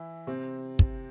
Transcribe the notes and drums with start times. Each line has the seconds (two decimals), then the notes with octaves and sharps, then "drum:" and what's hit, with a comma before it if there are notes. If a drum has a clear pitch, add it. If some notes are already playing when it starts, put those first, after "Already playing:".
Already playing: E3 E4
0.27 C3 C4
0.79 drum: kick